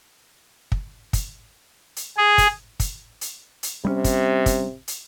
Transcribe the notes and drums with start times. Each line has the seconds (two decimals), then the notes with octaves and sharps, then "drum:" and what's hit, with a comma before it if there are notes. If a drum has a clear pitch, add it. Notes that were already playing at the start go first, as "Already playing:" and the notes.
0.72 drum: kick
1.13 drum: kick, hi-hat
1.96 drum: hi-hat
2.17 G#4
2.38 drum: kick, hi-hat
2.80 drum: kick, hi-hat
3.21 drum: hi-hat
3.63 drum: hi-hat
3.85 C3 G3 G#3 C#4
4.04 drum: kick, hi-hat
4.46 drum: kick, hi-hat
4.88 drum: hi-hat